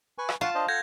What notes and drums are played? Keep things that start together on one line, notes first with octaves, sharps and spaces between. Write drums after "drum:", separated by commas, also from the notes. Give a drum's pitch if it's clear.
B4 G#5 C#6
drum: rim click
F4 F#5 A5 C#6
D4 C5 D#5
A4 F#5 G6 G#6 A#6